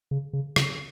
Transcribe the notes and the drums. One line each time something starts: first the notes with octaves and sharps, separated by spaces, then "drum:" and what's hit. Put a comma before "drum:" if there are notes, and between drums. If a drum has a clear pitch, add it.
C#3
C#3
C#3, drum: rim click